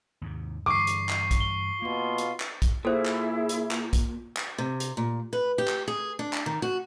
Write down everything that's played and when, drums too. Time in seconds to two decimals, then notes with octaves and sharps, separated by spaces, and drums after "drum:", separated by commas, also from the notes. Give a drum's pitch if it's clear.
0.21 D#2 G#2 C3
0.66 G2 D3 E3 C#6 D6 C7
0.87 drum: hi-hat
1.09 drum: clap
1.31 drum: kick, hi-hat
1.40 G7
1.82 B2 A#3 F4
2.18 drum: hi-hat
2.40 drum: clap
2.62 drum: kick, hi-hat
2.85 A#2 E4 G#4 A4 C5
3.06 drum: clap
3.49 drum: hi-hat
3.71 drum: clap
3.93 drum: kick, hi-hat
4.37 drum: clap
4.58 C3
4.80 drum: hi-hat
4.97 A#2
5.33 B4
5.58 G4
5.68 drum: clap
5.88 G#4
6.19 D4
6.33 drum: clap
6.46 D#3
6.62 F#4